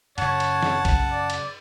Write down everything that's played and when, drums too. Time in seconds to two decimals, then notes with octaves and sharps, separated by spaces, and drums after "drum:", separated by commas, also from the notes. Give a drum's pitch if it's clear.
0.18 F#2 C#3 C#5 F#5 A5, drum: cymbal
0.40 drum: cymbal
0.63 drum: snare
0.85 drum: kick B1, cymbal
1.12 D5
1.30 drum: cymbal